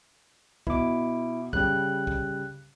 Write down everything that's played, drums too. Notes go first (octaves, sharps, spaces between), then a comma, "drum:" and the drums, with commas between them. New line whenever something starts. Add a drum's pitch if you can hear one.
B2 E4 D6, drum: kick
C#3 G3 F#6, drum: kick
drum: kick